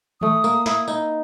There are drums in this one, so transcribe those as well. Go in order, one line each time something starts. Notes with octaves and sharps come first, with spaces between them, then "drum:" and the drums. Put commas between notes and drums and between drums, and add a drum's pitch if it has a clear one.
A3 D#6, drum: tom D#3
A#3, drum: tambourine
E4, drum: snare
D#4, drum: tambourine